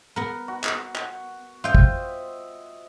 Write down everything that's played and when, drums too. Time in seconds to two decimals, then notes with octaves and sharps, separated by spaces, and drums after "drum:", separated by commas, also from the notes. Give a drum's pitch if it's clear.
0.16 B3 A#4
0.48 F#4
0.64 drum: clap
0.95 drum: clap
1.64 F4 C5 D#5 E5 G5
1.75 drum: kick